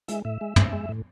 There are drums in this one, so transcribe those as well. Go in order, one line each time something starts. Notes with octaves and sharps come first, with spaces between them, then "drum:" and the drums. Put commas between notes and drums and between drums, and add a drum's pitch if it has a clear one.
G#3 E5, drum: hi-hat
A2 E5
G#3
A2, drum: tom
G#3
A2